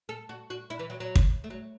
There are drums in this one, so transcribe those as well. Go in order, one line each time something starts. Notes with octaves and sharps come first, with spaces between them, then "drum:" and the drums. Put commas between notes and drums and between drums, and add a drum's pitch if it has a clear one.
A4
F#4
F#4
E4
E3
F#3
F#3
drum: kick
A3
F#3